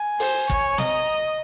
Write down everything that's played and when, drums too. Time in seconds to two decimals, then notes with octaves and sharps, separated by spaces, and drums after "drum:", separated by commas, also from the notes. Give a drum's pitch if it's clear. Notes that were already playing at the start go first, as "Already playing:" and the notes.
Already playing: G#5
0.20 C5, drum: open hi-hat
0.50 C#5, drum: kick
0.78 D#5 A#5, drum: snare